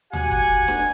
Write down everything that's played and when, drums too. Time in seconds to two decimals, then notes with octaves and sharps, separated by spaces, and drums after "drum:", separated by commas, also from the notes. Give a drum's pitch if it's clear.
0.13 F#4 G4 F#5 G#5, drum: tom D2
0.32 drum: kick
0.68 drum: snare D4